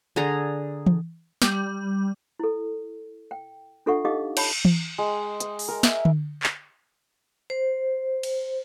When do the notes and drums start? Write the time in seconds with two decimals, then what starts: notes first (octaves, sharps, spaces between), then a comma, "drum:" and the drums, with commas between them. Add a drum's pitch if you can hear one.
0.16 D3 G#4 A#5
0.86 drum: tom E3
1.42 G3, drum: snare
2.39 E4 A4
3.31 G5
3.86 D4 F4 A4 E5 F#5 C#6
4.05 D#4 G4 D#5 F5 D6 D#6
4.37 C#5 A5 B5, drum: cymbal
4.65 drum: tom E3
4.98 G#3
5.40 D#6, drum: hi-hat
5.59 drum: open hi-hat
5.68 A#4
5.83 E5, drum: snare
6.05 drum: tom D3
6.43 drum: clap
7.50 C5
8.23 drum: cymbal